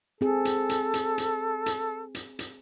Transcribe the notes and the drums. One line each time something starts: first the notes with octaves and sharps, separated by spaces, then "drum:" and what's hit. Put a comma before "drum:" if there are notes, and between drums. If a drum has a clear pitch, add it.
C4 G#4 A4
drum: hi-hat
drum: hi-hat
drum: hi-hat
drum: hi-hat
drum: hi-hat
drum: hi-hat
drum: hi-hat